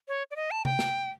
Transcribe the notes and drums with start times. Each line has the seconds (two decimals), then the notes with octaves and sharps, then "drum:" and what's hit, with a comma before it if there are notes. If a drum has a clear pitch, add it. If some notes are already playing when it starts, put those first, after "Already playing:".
0.08 C#5
0.31 D5
0.36 D#5
0.51 A5
0.65 G5, drum: tom C3
0.79 drum: snare